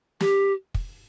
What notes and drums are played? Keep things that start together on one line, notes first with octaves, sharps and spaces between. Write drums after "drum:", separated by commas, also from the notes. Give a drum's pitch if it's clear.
G4, drum: snare
drum: kick